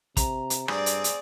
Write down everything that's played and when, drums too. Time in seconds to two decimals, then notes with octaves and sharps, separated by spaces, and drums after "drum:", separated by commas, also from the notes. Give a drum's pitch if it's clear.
0.17 C3 A#5, drum: kick, hi-hat
0.50 drum: hi-hat
0.68 G2 C4 G#4 D5, drum: rim click
0.86 drum: hi-hat
1.04 drum: hi-hat